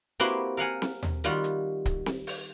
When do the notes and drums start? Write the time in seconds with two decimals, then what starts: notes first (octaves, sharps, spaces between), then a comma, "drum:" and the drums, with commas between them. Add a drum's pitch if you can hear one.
0.20 A#3 C4 E4 F#4 G4 B4, drum: hi-hat
0.57 A#4 F5 F#5 G#5
0.82 drum: snare C4
1.03 drum: tom D#2
1.24 D#3 G3 F4 F#4
1.44 drum: hi-hat
1.86 drum: kick C#1, hi-hat
2.06 drum: snare C4
2.27 drum: open hi-hat